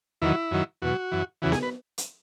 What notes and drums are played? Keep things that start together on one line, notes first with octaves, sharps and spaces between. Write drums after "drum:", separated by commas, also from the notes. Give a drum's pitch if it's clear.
E2 D#3 F#3 E4
F#2 D#3 F#3
E2 B2 F#3 F#4
F#2 E3
E2 C#3 E3 F#4
G#4, drum: snare B3
B4
drum: hi-hat